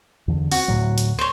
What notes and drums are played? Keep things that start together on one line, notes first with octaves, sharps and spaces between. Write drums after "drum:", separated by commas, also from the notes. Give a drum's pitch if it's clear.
E2 D3
C4 F#4, drum: open hi-hat
D2 A2 F#3
drum: hi-hat
C5 C#5